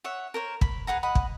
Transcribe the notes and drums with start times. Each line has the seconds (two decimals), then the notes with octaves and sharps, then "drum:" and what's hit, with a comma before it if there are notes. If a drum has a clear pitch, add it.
0.04 C#5 E5 F#5
0.34 A#4 C5 C#5
0.61 B5, drum: kick
0.87 G#4 B4 F#5 A#5
1.03 D#5 F#5 B5
1.15 drum: kick